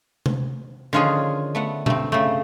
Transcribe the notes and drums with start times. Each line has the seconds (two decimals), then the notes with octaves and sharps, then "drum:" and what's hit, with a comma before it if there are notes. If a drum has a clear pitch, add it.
0.26 drum: tom C3
0.93 D3 D#3 F3 C#4 F4 G#4
1.55 A3 B3 F#5
1.86 G2 A3 C4, drum: tom B2
2.12 C#3 A3